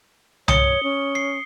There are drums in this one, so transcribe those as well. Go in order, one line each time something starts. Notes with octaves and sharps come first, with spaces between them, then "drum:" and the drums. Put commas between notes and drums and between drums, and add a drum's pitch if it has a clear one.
C#5 D#6 C#7 G7, drum: tom C2
C#4
C7